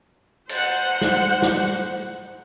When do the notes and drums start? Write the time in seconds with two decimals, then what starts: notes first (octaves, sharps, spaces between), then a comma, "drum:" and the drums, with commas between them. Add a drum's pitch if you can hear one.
0.49 C5 F#5, drum: cymbal
1.01 drum: snare
1.42 drum: snare